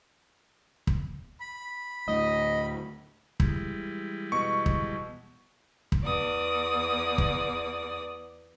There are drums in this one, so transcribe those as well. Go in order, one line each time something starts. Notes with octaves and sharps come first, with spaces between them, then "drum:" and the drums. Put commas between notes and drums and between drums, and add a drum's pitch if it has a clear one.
drum: kick
B5
D2 A2 D#5
E3 G3 G#3, drum: kick
B2 C#6
drum: kick
drum: kick
E2 D5 D#6
drum: kick